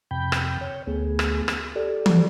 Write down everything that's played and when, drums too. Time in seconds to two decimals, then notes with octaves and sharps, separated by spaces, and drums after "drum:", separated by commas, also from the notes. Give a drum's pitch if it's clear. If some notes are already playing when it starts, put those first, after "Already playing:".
0.11 F2 C3 G5 B5 G6
0.32 drum: rim click
0.61 C#5
0.87 D2 A3 B3 G#4
1.19 drum: rim click
1.48 drum: rim click
1.76 G4 A4 D5
2.06 drum: tom E3